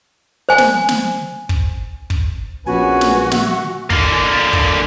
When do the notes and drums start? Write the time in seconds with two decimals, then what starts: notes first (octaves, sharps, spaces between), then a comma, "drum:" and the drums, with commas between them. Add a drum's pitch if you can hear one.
0.49 C5 G#5
0.58 drum: snare
0.89 drum: snare
1.49 drum: kick
2.10 drum: kick
2.67 A#1 B3 C#4 F#4 B4 G#5
3.01 drum: snare
3.31 E5 F#5, drum: snare
3.90 D3 A#3, drum: kick
4.53 drum: kick